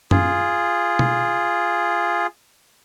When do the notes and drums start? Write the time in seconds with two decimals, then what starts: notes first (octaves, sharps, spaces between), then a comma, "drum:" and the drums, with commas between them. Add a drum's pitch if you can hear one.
0.11 F4 G#4, drum: tom
0.99 drum: tom B2